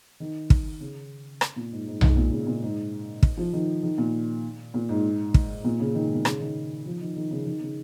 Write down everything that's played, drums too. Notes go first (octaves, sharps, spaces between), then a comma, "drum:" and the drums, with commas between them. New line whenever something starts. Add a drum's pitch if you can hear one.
D#3
drum: kick
C#3
drum: rim click
A#2
G#2
G#2
G#2, drum: tom B1
A#2
C#3
A#2
G#2
drum: kick
F3
D#3
D#3
A#2
A#2
G#2
drum: kick
A#2
C#3
D#3
G#2
A#2
C#3, drum: rim click
D#3
F3
D#3
D#3
C#3
D#3
C#3